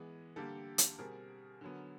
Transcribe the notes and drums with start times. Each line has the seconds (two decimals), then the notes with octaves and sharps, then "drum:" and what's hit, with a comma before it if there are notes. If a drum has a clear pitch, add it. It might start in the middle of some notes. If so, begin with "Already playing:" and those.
Already playing: E3 G#3 B3
0.36 D3 G3 A#3 G4 A4
0.78 drum: hi-hat
0.99 B2 G3 C4 G#4 A#4
1.61 D3 F#3 B3